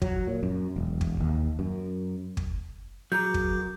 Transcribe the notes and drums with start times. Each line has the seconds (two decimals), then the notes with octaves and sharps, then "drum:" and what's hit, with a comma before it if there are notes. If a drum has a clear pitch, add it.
0.02 F#3, drum: kick
0.27 A#2
0.43 F#2
0.76 E1
1.01 drum: kick
1.20 D#2
1.59 F#2
2.37 drum: kick
3.12 F#2 F#3 F#4 G#4 A#4 A#5 D6 G6
3.34 drum: kick